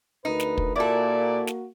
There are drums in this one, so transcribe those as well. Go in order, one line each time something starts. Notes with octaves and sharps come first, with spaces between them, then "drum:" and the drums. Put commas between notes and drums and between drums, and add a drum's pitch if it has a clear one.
D2 D#4 A#4 B4
drum: snare
drum: kick
A#2 A#3 E4 F#4 A4 D5
drum: snare